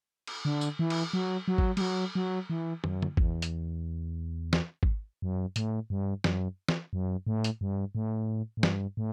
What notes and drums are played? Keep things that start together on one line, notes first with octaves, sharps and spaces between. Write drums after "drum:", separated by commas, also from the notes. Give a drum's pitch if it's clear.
drum: cymbal
D3
drum: tambourine
E3
drum: cymbal
F#3
F#3
drum: kick G#1
G3, drum: cymbal
F#3
F#3
E3
F#2, drum: tom
drum: tom
E2, drum: kick G#1
drum: hi-hat
drum: snare
drum: kick G#1
F#2
A2, drum: hi-hat
G2
F#2, drum: snare
drum: snare
F#2
A2
drum: hi-hat
G2
A2
A2
G2, drum: snare
A2